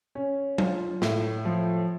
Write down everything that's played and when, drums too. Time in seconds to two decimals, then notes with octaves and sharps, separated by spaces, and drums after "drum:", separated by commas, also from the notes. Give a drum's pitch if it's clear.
0.15 C#4
0.58 F4, drum: tom F#3
1.02 A2, drum: snare
1.45 F3